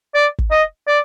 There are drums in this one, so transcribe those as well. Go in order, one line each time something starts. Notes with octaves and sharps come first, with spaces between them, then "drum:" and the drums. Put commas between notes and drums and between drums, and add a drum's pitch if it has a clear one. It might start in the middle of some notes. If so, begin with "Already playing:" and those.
D5
drum: kick
D#5
D5